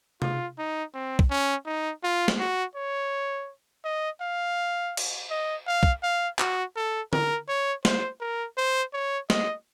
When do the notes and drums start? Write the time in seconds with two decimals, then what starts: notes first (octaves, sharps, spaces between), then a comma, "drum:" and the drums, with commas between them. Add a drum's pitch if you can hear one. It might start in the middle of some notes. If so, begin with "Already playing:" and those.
0.22 F4, drum: tom C3
0.58 D#4
0.94 C4
1.19 drum: kick
1.30 C#4
1.66 D#4
2.04 F4
2.28 drum: snare
2.39 F#4
2.75 C#5
3.84 D#5
4.21 F5
4.97 drum: cymbal
5.31 D#5
5.67 F5
5.83 drum: kick
6.03 F5
6.39 F#4, drum: clap
6.76 A4
7.13 A#4, drum: tom D3
7.48 C#5
7.85 C5, drum: snare
8.21 A#4
8.57 C5
8.93 C#5
9.30 D#5, drum: snare